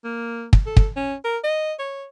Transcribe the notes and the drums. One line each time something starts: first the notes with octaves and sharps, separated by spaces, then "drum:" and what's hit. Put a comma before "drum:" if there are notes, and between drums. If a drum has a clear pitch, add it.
A#3
drum: kick
A4
drum: kick
C#4
A#4
D#5
C#5